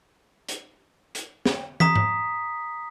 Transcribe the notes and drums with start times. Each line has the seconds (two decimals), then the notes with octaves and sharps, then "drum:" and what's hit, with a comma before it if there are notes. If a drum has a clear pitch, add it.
0.49 drum: hi-hat
1.15 drum: hi-hat
1.46 drum: snare
1.80 A#5 D#6 B6, drum: tom
1.96 drum: tom G#2